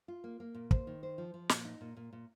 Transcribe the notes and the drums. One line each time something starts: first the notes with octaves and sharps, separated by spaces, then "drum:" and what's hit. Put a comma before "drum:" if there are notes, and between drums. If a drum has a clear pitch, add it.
F4
A#3
A#3
A#2
C5, drum: kick
D#3
C5
F3
F3
A#2, drum: snare
D#4
A#2
A#2
A#2